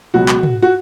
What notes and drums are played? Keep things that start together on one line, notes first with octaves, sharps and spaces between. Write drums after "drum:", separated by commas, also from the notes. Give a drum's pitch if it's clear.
C#2 B2 F#3 F#4
drum: clap
drum: tom
F#4